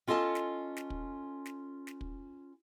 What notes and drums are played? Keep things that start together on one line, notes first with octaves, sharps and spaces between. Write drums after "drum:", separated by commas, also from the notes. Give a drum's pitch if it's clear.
C#4 F4 A4 D#5 G#5 A5
drum: snare
drum: snare
drum: kick
drum: snare
drum: snare
drum: kick